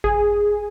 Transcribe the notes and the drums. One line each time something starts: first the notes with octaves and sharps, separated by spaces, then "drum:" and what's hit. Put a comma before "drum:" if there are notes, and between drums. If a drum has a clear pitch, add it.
G#4, drum: kick G#1